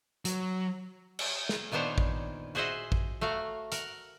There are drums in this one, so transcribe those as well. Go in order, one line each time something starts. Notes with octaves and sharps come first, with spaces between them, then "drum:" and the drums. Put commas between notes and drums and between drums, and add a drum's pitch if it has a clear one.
F#3, drum: hi-hat
drum: cymbal
drum: snare
A#2 D#3 B3 D4 C5 C#5
drum: kick
F#4 G#4 C5 D#5 E5 F#5
drum: kick
A3 F#4 F5 A#5
A#4 F#5, drum: hi-hat